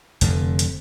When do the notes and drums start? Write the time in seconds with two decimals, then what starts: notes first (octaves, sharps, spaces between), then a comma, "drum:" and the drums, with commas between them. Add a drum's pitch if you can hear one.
0.21 F1 F2 D3, drum: hi-hat
0.59 drum: hi-hat